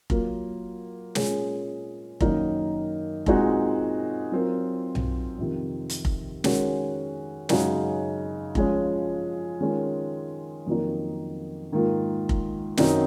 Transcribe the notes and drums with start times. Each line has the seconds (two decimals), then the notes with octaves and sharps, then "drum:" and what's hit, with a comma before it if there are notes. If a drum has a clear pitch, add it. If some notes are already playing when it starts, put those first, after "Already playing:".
0.10 F#3 A#3 F4 A#4, drum: kick F1
1.15 A#2 G#3 C#4 G#4, drum: snare
2.20 F#2 D#3 A#3 D#4 A#4, drum: kick F1
3.26 A#2 G#3 C4 D#4 F#4, drum: kick F1
4.32 F#3 C4 F4 A#4
4.95 drum: tom B1
5.38 F2 C3 D#3
5.90 drum: hi-hat
6.05 drum: kick F1
6.44 D#3 G#3 C#4 F#4 A#4, drum: snare
7.49 F#2 C#3 G#3 D#4 F#4, drum: snare
8.55 F3 G#3 C#4, drum: kick F1
9.61 D#3 G#3 C#4 F4
10.66 F2 D#3 F#3 A#3 D#4
11.72 G#2 D#3 A#3 F4
12.29 drum: kick F1
12.77 F#2 D#3 F#3 C4 D#4, drum: snare